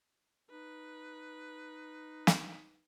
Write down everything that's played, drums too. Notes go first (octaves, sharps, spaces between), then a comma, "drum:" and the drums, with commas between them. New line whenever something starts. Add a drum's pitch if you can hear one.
D#4 B4
drum: snare